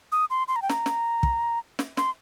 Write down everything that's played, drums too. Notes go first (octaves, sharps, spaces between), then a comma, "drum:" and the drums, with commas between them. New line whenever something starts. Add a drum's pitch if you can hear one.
D#6
C6
C6
A#5
G5
A#5, drum: snare
drum: snare
drum: kick
drum: snare
C6, drum: snare